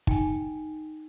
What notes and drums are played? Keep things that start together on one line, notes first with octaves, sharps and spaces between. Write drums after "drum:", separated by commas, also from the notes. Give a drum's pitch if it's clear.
D#4 G5 G#5, drum: kick